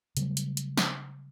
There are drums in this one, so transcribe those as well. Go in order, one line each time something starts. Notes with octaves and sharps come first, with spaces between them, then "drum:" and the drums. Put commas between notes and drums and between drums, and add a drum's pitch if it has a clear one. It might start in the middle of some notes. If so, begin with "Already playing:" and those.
C#3 F#3 G3 A3, drum: hi-hat
drum: hi-hat
drum: hi-hat
drum: snare